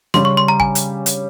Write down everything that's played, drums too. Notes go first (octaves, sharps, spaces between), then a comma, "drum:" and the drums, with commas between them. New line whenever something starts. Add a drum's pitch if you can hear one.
C#3 G3 C#4 G4 C#5 C6, drum: snare
C#6
C6
A#5
G#5, drum: kick
drum: hi-hat
drum: hi-hat